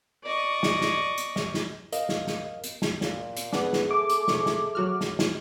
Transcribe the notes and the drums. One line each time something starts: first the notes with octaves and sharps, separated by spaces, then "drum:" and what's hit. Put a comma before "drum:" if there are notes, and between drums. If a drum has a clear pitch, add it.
D5 D#5 C#6
drum: snare
drum: snare
drum: hi-hat
drum: snare
drum: snare
A#4 D#5 F5, drum: hi-hat
drum: snare
drum: snare
drum: hi-hat
drum: snare
A#2, drum: snare
drum: hi-hat
B3 D4 G#4, drum: snare
drum: snare
A3 D6
drum: hi-hat
C3 C#6, drum: snare
drum: snare
F#3 F#4 F6
drum: snare
drum: snare